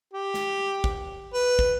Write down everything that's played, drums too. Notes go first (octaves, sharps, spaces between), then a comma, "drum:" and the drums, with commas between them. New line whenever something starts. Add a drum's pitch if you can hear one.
G4
drum: snare
drum: kick
B4
drum: kick